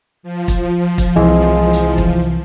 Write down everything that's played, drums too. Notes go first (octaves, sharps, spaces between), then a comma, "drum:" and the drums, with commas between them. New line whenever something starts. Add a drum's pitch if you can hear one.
F3
drum: kick, hi-hat
drum: kick, hi-hat
C2 E3 G#3
drum: hi-hat
drum: kick